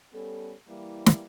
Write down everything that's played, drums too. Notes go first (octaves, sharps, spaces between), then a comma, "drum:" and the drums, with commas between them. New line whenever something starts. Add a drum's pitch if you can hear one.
G3 B3 C#4 A4
E3 G3 A#3 E4
drum: snare